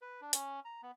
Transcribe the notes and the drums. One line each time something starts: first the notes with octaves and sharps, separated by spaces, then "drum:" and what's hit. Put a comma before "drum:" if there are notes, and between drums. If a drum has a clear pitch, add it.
B4
D4
C#4, drum: hi-hat
A#5
B3